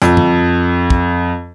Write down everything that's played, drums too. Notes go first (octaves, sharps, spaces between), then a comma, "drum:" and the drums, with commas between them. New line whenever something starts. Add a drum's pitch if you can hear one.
F2, drum: hi-hat
drum: tom F2
drum: kick